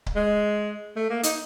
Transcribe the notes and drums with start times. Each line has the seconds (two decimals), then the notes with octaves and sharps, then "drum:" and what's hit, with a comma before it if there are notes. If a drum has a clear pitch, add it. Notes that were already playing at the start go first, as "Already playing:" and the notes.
0.06 drum: kick C#1
0.16 G#3
0.96 A3
1.10 A#3
1.23 D#4, drum: hi-hat